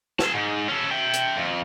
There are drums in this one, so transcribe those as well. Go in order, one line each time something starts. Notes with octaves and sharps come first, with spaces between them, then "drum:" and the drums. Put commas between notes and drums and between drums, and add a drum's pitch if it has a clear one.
G#4 A5, drum: snare
G#2
C#4 A4
E5 G5
drum: hi-hat
F2